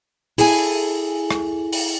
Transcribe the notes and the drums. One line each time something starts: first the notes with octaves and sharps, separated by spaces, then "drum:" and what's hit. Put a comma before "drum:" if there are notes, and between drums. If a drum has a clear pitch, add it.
E4 G#4 A4 G#5, drum: open hi-hat
drum: rim click
drum: open hi-hat